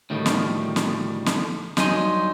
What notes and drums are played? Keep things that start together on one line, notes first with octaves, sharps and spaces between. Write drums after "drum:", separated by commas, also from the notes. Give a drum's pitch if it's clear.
D2 A2 D#3 G3
drum: snare
drum: snare
drum: snare
G2 F#3 D#4 C#5 G#5 C6, drum: snare